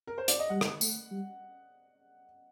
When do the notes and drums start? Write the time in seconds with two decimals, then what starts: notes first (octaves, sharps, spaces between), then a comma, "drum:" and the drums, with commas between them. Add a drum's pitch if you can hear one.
0.07 A#4
0.18 C5
0.28 D5, drum: hi-hat
0.39 D#5
0.49 G3 F#5
0.61 drum: rim click
0.81 A3, drum: tambourine
1.11 G3